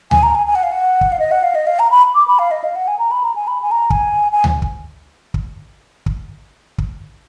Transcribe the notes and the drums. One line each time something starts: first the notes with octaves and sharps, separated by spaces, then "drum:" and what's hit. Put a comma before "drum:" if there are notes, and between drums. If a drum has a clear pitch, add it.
G#5, drum: tom D2
A#5
G#5
G#5
F#5
F5
F#5
drum: kick
F5
D#5
F#5
F5
D#5
F5
A#5
B5
D6
B5
F5
D#5
F5
F#5
G#5
A#5
B5
A#5
G#5
B5
G#5
A#5
G#5, drum: kick
G#5
drum: tom D2
drum: kick
drum: kick
drum: kick
drum: kick